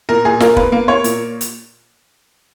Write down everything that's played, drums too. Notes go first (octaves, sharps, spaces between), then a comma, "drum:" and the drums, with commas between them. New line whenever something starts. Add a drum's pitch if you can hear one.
A#2 A#4
A#2 G#4
A#3 A#4, drum: snare
A#3 B4, drum: kick
A#3
A#3 C#5
A#2, drum: hi-hat
drum: hi-hat